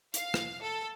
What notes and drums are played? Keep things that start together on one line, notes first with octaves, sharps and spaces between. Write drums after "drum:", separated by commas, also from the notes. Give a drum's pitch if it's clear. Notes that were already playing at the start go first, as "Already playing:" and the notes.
F5, drum: hi-hat
drum: rim click
A4